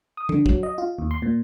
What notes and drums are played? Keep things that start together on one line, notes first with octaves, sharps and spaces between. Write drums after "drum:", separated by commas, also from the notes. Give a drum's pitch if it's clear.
D#6
D3, drum: tom
F#3, drum: kick
D#5
F4
D#2
C6
A#2